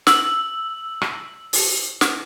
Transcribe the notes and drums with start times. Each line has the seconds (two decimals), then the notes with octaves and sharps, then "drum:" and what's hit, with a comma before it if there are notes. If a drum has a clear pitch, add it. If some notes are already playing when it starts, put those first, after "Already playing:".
0.07 E6 F#7, drum: snare
1.02 drum: rim click
1.53 drum: open hi-hat
2.01 drum: snare